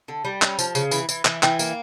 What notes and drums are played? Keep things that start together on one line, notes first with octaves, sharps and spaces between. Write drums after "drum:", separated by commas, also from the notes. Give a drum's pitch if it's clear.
D3
G3
C#4, drum: clap
F3, drum: tambourine
C#3, drum: tambourine
E3, drum: tambourine
E3, drum: tambourine
E3, drum: clap
E3 G5, drum: clap
A#3, drum: tambourine